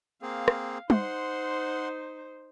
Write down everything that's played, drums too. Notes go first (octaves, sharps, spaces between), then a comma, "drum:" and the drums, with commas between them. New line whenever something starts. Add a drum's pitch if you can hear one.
A#3 C4 G#4 F5
drum: rim click
D#4 C5 F#5 C6, drum: tom